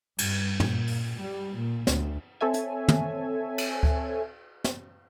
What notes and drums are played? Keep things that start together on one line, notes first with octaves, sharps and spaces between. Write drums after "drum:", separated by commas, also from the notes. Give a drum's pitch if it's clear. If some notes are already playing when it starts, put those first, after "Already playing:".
G2, drum: cymbal
A#2, drum: tom
drum: open hi-hat
G3
A#2
D2, drum: snare
C4 A4 C#5 E5 G#5
drum: hi-hat
drum: tom
drum: cymbal
drum: kick D2
drum: snare